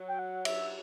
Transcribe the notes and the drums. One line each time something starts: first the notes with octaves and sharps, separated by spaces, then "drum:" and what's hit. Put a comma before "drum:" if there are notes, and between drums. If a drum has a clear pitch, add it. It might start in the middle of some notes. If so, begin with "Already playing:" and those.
Already playing: F#3
G5
F#5
E5, drum: cymbal